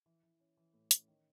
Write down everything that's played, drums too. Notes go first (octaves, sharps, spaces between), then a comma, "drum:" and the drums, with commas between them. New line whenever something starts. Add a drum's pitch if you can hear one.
E3
E3
C#4
E3
A2
C#4, drum: hi-hat
D#3